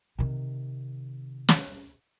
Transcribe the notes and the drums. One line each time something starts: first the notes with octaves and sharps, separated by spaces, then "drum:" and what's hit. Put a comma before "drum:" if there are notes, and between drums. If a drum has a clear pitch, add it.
C3 D#3
drum: snare